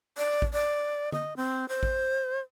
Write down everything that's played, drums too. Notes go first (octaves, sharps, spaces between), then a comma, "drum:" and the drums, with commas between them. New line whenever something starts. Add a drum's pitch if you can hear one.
D5
drum: kick
D5
D#5, drum: tom D3
C4
C5
drum: kick